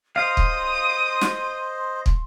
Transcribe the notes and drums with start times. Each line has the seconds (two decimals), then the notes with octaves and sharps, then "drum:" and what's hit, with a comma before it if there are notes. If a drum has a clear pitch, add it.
0.16 C5 D#5 F5 C6 D#6
0.37 drum: kick
1.21 drum: snare
2.06 drum: kick